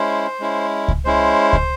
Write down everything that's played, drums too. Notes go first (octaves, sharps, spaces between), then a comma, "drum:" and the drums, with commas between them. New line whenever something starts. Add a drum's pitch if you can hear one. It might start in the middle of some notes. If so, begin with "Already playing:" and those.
Already playing: G#3 C#4 E4 C5
G#3 C#4 E4
drum: kick C#2
G#3 C#4 E4 C5
drum: kick C#2